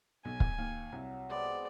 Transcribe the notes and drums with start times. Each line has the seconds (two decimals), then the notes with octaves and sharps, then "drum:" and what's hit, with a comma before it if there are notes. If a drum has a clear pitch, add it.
0.25 B1 G#5
0.40 drum: kick
0.58 D#2 F5 C#6
0.92 C2 F#3
1.30 G#3 B3 C4 D5